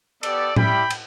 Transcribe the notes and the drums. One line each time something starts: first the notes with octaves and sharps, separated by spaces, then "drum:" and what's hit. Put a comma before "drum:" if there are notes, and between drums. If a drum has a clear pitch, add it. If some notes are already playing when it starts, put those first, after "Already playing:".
B3 G4 A4 D5, drum: cymbal
G3 E4 G4 G5 B5, drum: tom A2
drum: cymbal